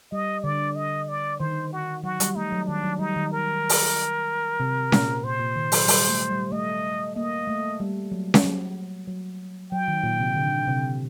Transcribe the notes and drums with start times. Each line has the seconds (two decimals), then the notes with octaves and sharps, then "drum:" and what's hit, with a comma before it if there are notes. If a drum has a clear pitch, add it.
0.12 G3 D#5
0.43 D3 D5
0.76 D#5
1.08 D5
1.39 D#3 C5
1.72 F#4
2.03 F#3 F#4
2.20 G3, drum: hi-hat
2.36 A3 D#4
2.52 F#3
2.67 D#3 D4
2.84 F#3
2.99 G3 D#4
3.16 D#3
3.32 A#4
3.69 drum: open hi-hat
4.60 C3
4.92 A#2, drum: snare C#4
5.24 A#2 C5
5.40 A#2
5.56 D#3
5.72 F#3, drum: open hi-hat
5.88 G3, drum: open hi-hat
6.09 A3
6.31 G3
6.52 A3 D#5
7.15 A#3 D#5
7.48 A3
7.80 G3
8.12 F#3
8.34 drum: snare C#4
8.44 F#3
9.08 F#3
9.72 F#3 G5
9.88 D#3
10.03 A#2
10.20 C3
10.36 D3
10.67 C3